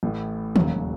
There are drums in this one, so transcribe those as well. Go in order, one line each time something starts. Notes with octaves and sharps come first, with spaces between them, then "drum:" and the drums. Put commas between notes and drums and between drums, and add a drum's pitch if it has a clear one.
A1 A2 E3
E1 D#2 C#3 F#3, drum: tom D#3